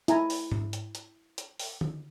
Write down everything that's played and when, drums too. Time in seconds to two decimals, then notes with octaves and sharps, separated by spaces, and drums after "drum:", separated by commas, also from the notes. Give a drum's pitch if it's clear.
0.08 E4 G#5 A#5, drum: hi-hat
0.30 drum: open hi-hat
0.52 drum: tom G#2
0.73 drum: hi-hat
0.95 drum: hi-hat
1.38 drum: hi-hat
1.59 drum: open hi-hat
1.81 drum: tom D3